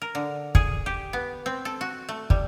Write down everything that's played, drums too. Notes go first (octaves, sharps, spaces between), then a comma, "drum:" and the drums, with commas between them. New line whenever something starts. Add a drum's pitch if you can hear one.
A#4
D3
G#4, drum: kick
G4
B3
C4
A4
F#4
A3
G3, drum: kick